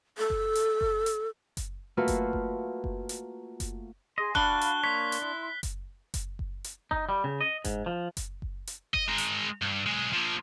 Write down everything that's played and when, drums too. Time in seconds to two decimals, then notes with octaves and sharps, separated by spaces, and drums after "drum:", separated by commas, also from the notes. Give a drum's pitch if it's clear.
0.18 A4
0.30 drum: kick F#1
0.55 drum: hi-hat
0.81 drum: kick F#1
1.06 drum: hi-hat
1.57 drum: kick F#1, hi-hat
1.97 A3 A#3 F4 F#4 B4
2.08 drum: kick F#1, hi-hat
2.33 drum: kick F#1
2.84 drum: kick F#1
3.09 drum: hi-hat
3.60 drum: kick F#1, hi-hat
4.18 G#4 D#5 C6
4.35 D4 F#4 D5 F5 B5 F6 F#6 G7, drum: kick F#1
4.61 drum: hi-hat
4.84 A#3 C#5 C6 B6
5.12 drum: hi-hat
5.22 E4
5.63 drum: kick F#1, hi-hat
6.14 drum: kick F#1, hi-hat
6.39 drum: kick F#1
6.64 drum: hi-hat
6.91 D#4, drum: kick F#1
7.09 G3
7.24 C#3
7.41 D#5
7.65 G#2, drum: kick F#1, hi-hat
7.86 F3
8.17 drum: kick F#1, hi-hat
8.42 drum: kick F#1
8.67 drum: hi-hat
8.94 D#5, drum: kick F#1
9.08 G#3 A#4
9.18 drum: hi-hat
9.62 G2
9.86 B1 G#3
10.12 F3 A#3